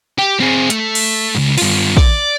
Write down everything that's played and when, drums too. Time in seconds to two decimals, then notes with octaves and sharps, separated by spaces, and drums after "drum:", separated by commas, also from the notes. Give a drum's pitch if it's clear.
0.18 G4
0.40 C4 G#4
0.70 A3, drum: hi-hat
0.95 drum: cymbal
1.35 C#2 G#2
1.58 G2 F4, drum: cymbal
1.97 D5, drum: kick